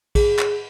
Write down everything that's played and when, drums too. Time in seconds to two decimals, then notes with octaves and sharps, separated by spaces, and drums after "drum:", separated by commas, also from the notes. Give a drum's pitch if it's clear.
0.15 G#4, drum: kick, cymbal
0.39 drum: clap